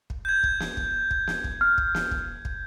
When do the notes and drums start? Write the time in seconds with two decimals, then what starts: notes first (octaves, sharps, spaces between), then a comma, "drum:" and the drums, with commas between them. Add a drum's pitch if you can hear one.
0.10 drum: kick
0.25 G6 G#6
0.44 drum: kick
0.60 drum: snare
0.77 drum: kick
1.11 drum: kick
1.27 drum: snare
1.44 drum: kick
1.61 F6
1.78 drum: kick
1.95 drum: snare
2.11 drum: kick
2.45 drum: kick